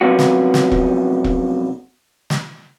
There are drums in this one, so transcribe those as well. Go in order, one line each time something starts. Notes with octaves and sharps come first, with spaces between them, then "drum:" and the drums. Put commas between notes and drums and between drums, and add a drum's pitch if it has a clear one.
F#2 C3 F3 B3 F4 F#4
drum: snare
drum: snare
drum: kick E1
drum: kick E1
drum: snare